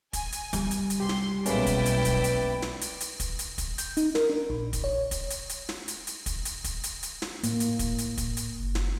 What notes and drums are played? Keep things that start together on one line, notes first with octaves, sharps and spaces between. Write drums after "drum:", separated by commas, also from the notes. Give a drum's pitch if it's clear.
G#5, drum: kick, hi-hat
drum: hi-hat
G3, drum: kick, hi-hat
drum: hi-hat
drum: hi-hat
C2 G4 C6
drum: snare
B1 G#3 A#3 C#4 E4 B4 D5 G5, drum: hi-hat
drum: kick, hi-hat
drum: hi-hat
drum: kick, hi-hat
drum: hi-hat
drum: snare
drum: hi-hat
drum: hi-hat
drum: kick, hi-hat
drum: hi-hat
drum: kick, hi-hat
G6, drum: hi-hat
D#4, drum: hi-hat
A#4, drum: snare
D4
A#1
drum: kick, hi-hat
C#5
drum: kick, hi-hat
drum: hi-hat
drum: hi-hat
drum: snare
drum: hi-hat
drum: hi-hat
drum: kick, hi-hat
drum: hi-hat
drum: kick, hi-hat
drum: hi-hat
drum: hi-hat
drum: snare
A2 A#3, drum: hi-hat
drum: hi-hat
drum: kick, hi-hat
drum: hi-hat
drum: kick, hi-hat
drum: hi-hat
F#1
drum: snare